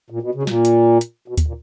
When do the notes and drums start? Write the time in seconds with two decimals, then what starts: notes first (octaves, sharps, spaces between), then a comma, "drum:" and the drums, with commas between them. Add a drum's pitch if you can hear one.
0.10 A#2
0.22 B2
0.35 C#3
0.43 B2
0.47 A#2, drum: snare
0.65 drum: hi-hat
1.01 drum: hi-hat
1.28 B2
1.37 drum: kick D2, hi-hat
1.47 A#2